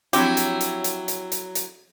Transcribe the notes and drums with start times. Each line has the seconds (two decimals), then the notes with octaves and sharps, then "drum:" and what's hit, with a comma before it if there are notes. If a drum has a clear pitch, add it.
0.13 F3 F#3 C4 D4 E4 F#4 G4, drum: hi-hat
0.37 drum: hi-hat
0.61 drum: hi-hat
0.84 drum: hi-hat
1.08 drum: hi-hat
1.32 drum: hi-hat
1.55 drum: hi-hat